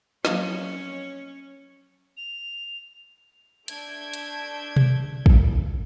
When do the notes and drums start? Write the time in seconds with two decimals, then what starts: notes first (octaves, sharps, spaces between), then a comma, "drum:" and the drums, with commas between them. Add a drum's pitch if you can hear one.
0.25 F3 F#3 A#3 C4 C#4 C#5 D#5, drum: snare
2.17 F7
3.68 A3 D4 E5 G6 G#6 D7, drum: hi-hat
4.14 drum: hi-hat
4.76 drum: tom B2
5.26 drum: kick